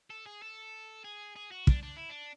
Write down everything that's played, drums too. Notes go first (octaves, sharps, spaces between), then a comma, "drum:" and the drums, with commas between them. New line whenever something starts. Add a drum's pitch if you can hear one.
A4
G#4
A4
G#4
G#4
F#4
D4, drum: kick
D4
E4
D4